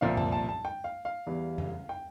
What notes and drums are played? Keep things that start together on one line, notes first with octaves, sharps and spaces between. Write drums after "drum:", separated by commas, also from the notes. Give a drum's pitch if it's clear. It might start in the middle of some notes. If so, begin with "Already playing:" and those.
C2 A#2 F3 F5
A5, drum: tom F2
A5
A5
G5
F5
F5
E2 E3 G3
drum: tom F2
G5